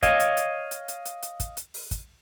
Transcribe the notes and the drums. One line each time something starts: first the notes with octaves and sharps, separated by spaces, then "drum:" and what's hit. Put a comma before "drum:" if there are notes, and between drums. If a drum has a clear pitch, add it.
C#5 D#5 F5, drum: kick, hi-hat
drum: hi-hat
drum: hi-hat
drum: hi-hat
drum: hi-hat
drum: hi-hat
drum: hi-hat
drum: kick, hi-hat
drum: hi-hat
drum: open hi-hat
drum: kick, hi-hat